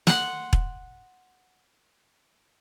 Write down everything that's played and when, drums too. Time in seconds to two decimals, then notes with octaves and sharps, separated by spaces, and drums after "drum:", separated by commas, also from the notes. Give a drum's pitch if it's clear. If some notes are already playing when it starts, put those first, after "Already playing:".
0.07 F#5 C6, drum: snare
0.53 drum: kick E1